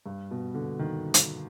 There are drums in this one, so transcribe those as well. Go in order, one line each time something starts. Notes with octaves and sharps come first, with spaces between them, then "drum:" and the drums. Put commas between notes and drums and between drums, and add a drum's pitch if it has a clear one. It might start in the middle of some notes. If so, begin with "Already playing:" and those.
G2
B2
D3
D#3
drum: hi-hat